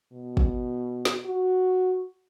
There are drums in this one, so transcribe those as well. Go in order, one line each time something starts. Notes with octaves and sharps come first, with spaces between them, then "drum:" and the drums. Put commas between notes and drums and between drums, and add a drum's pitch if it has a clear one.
B2
drum: kick
drum: snare
F#4